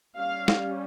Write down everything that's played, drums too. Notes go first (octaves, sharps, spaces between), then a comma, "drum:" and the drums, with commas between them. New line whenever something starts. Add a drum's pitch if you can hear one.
G3 C#4 F5
drum: snare